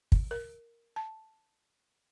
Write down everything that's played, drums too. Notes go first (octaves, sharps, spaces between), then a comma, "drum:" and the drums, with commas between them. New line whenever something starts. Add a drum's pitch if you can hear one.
drum: kick
A#4
A5